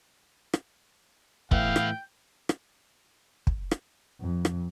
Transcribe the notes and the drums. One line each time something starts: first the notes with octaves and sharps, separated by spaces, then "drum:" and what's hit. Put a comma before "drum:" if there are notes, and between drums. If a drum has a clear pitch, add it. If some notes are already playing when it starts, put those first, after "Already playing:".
drum: rim click
A2 E3 B3 E5 F5 G5, drum: kick
drum: rim click
drum: rim click
drum: kick
drum: rim click
F2
drum: rim click